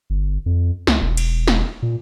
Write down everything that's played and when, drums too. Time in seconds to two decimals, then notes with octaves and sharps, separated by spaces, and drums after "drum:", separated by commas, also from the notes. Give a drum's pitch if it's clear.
0.10 G1
0.46 F2
0.87 C#2, drum: snare
1.01 E1
1.17 drum: cymbal
1.48 drum: snare
1.82 A#2